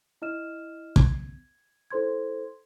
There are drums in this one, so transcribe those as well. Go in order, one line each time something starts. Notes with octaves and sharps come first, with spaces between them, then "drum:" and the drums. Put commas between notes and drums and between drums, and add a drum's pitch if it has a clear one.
E4 D#5 F6 E7
G#6, drum: kick
E4 A4 C5 C6 G#6